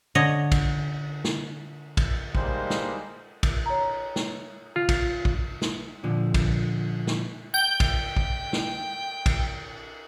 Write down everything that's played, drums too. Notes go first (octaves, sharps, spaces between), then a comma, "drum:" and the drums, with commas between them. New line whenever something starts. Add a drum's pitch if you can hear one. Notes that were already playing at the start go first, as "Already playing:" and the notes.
D3 C#5 D#5
drum: kick A#1, cymbal
drum: snare
drum: kick A#1, cymbal
G3 G#3 A#3 D#4 C5, drum: kick A#1
drum: snare
drum: kick A#1, cymbal
C#5 A#5
drum: snare
F4
drum: kick A#1, cymbal
drum: kick A#1
drum: snare
A#2 D3 F3
drum: kick A#1, cymbal
drum: snare
G5 G6
drum: kick A#1, cymbal
drum: kick A#1
drum: snare
drum: kick A#1, cymbal